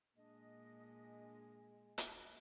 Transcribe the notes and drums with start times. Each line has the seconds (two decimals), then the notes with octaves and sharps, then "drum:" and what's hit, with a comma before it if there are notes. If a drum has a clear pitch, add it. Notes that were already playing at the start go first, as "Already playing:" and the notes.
0.18 A#2 G#3 D4 D#5
1.98 drum: hi-hat